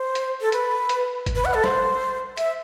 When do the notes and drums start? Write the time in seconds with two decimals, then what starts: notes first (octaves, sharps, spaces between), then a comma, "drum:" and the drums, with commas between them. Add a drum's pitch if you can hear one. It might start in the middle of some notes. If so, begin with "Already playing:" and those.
Already playing: C5
0.15 drum: hi-hat
0.41 A4
0.52 B4, drum: hi-hat
0.89 drum: hi-hat
1.26 drum: kick G1, hi-hat
1.35 B4
1.45 F#5
1.54 A4
1.64 C5, drum: snare
2.37 E5, drum: hi-hat